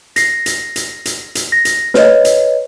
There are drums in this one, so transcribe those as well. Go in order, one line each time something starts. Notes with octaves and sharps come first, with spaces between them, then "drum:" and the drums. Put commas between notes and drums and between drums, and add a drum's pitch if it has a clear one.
A#6 C7, drum: hi-hat
drum: hi-hat
drum: hi-hat
drum: hi-hat
drum: hi-hat
A#6
drum: hi-hat
B4 C#5 D#5, drum: snare
drum: hi-hat